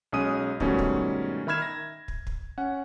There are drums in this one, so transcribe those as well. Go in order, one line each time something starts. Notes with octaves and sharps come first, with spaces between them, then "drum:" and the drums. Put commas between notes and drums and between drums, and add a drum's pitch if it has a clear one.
B1 G#3 C#4 D#6 D#7
G#2 B2 D#3 G3 A3 C#4, drum: kick
drum: kick
D#3 E5 B5 F6 G#6 E7
A#6
drum: kick
drum: kick
C#4 F#5